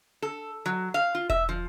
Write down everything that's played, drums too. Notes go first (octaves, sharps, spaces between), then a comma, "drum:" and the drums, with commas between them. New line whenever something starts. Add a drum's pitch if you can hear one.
A4
F#3
F5
F4
E5, drum: kick E1
F3